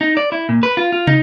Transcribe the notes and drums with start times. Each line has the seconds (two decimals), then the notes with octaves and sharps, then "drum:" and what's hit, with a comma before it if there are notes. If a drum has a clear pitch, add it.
0.01 D#4
0.17 D5
0.32 E4
0.49 A#2
0.63 B4
0.77 F4
0.92 F4
1.07 D#4, drum: tom